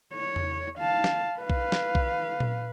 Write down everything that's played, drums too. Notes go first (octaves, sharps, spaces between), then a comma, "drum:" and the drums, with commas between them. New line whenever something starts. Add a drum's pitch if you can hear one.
C#5
drum: tom E2
F5 A5
drum: snare
B4 F5
drum: kick B1
drum: snare
drum: kick B1
drum: tom A#2